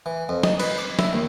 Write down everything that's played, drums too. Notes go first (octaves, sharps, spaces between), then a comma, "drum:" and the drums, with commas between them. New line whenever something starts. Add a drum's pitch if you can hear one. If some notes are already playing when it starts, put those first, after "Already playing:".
E3
F2
D#4, drum: snare
B4, drum: cymbal
D6
E4, drum: snare
D#2